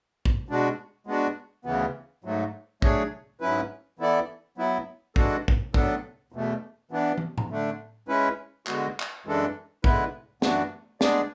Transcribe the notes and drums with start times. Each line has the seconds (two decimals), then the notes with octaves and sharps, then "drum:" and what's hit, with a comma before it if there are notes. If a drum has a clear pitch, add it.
0.25 drum: kick
0.49 B2 G#3 D4 F#4
1.07 G#3 B3 D4 F#4
1.65 D2 C#3 E3 B3
2.24 G#2 F#3 A3
2.82 F#3 A3 D4 G#4 C#5, drum: kick
3.40 G#2 F#3 C#4 E4 B4
3.99 E3 B3 E4 A4 D5
4.58 F#3 B3 E4
5.16 E3 G#3 D4 F#4 A4, drum: kick
5.48 drum: kick
5.74 A2 F#3 B3 D4 A4, drum: kick
6.32 E2 B2 A3
6.91 E3 B3 D4
7.18 drum: tom
7.38 drum: tom A2
7.50 D3 A3 D4
8.08 G#3 C#4 E4 B4
8.67 D3 G#3 B3 F#4, drum: clap
9.00 drum: clap
9.26 F#2 E3 G#3 D4 A4
9.84 D3 G#3 B3 E4 B4, drum: kick
10.42 F#2 E3 B3 D4 F#4, drum: snare
11.01 G#3 B3 D4 G#4 D5, drum: snare